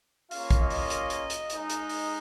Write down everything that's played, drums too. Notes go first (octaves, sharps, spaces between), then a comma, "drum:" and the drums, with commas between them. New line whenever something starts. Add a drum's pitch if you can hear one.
A#3 C#4 F4 F5, drum: open hi-hat
drum: kick, hi-hat
D#5
drum: open hi-hat
drum: hi-hat
drum: hi-hat
drum: hi-hat
G#3 D#4, drum: hi-hat
drum: hi-hat
drum: open hi-hat